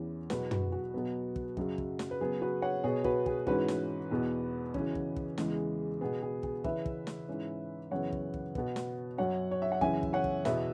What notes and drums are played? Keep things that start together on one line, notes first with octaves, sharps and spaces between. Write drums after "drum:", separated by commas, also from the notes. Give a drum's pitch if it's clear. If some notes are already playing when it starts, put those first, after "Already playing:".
Already playing: E2 E3 C#4
E2 B2 F#3 B3 F#4 B4, drum: snare
F#4 B4, drum: tom
F#4
B2 F#3 B3
drum: kick
F#2 C#3 F#3, drum: kick
drum: kick
drum: snare
B4
C#3 F#3 B3 G#4
F#4 B4
C#5 F#5
B2 B3 G#4 C#5
F#4 B4, drum: kick
G#4, drum: kick
G#2 E3 C#4 F#4 B4, drum: kick
drum: snare
E2 B2 B3
C#3 E3 C#4, drum: kick
drum: kick
drum: kick
E2 C#3 E3 G#3, drum: snare
B2 B3 G#4
G#4
G#4, drum: kick
C#3 E3 C#4 B4 E5, drum: kick
drum: kick
drum: snare
G#2 E3 C#4
F#2 C#3 E3 B3 C#5 F#5
drum: kick
drum: kick
B2 B3, drum: kick
drum: snare
F#2 F#3 C#4 C#5 F#5
C#5
E5
F#5
F#2 C#3 E3 C#4 E5 G#5, drum: kick
drum: kick
C#5 F#5
drum: kick
E2 B2 B3 B4 E5, drum: snare